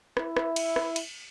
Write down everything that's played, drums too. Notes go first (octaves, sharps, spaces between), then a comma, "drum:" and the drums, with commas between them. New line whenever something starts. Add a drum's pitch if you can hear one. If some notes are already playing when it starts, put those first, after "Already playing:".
E4, drum: rim click
drum: rim click
drum: cymbal
drum: rim click
drum: cymbal